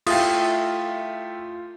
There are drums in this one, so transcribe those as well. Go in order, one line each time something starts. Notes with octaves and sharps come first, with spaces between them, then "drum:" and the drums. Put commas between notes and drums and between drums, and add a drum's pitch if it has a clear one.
A3 E4 F4 G4 D#6, drum: cymbal